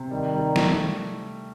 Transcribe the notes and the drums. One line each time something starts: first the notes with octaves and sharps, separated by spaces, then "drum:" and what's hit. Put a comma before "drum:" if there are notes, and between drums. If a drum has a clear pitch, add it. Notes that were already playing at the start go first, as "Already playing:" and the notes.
Already playing: C3
D#3 G3
G3
A3, drum: snare